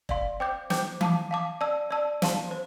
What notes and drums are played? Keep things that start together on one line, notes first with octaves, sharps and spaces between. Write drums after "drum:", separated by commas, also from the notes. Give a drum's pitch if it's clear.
D5 F5 C6, drum: kick F1
C5 G5 D6 G6
C5 G5 D6 G6, drum: snare
F5 A5 D6, drum: tom E3
F5 A5 D6
D5 A5 E6
D5 A5 E6
C5 F5 A5 C6, drum: snare
C5